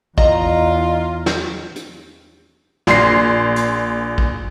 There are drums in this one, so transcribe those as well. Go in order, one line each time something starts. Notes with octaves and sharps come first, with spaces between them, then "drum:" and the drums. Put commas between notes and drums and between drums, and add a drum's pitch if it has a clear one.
E2 F4 D#5 A#5, drum: kick
drum: snare
drum: hi-hat
A#1 C6 A#6 C7, drum: snare
drum: hi-hat
drum: kick